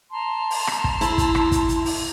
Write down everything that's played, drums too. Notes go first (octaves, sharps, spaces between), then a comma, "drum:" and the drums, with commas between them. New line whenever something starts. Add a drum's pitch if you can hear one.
A5 A#5 C6
drum: open hi-hat
drum: rim click
drum: kick
E4, drum: hi-hat
drum: kick, hi-hat
drum: rim click
drum: kick, hi-hat
drum: hi-hat
drum: open hi-hat